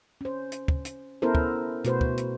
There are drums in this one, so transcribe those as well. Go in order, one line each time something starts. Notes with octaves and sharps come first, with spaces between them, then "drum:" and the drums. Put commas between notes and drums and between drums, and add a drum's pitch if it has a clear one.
C#4 C5
drum: hi-hat
drum: kick
drum: hi-hat
B3 C#4 E4 A4 A#4 C5
drum: kick
B2 A3 F#4 B4 C5, drum: hi-hat
drum: kick
drum: hi-hat